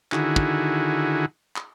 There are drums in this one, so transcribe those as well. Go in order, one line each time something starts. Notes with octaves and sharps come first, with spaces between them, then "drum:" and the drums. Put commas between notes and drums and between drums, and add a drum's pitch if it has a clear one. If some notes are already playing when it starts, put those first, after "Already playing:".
D3 D#3 E4 F#4 G#4, drum: clap
drum: kick
drum: clap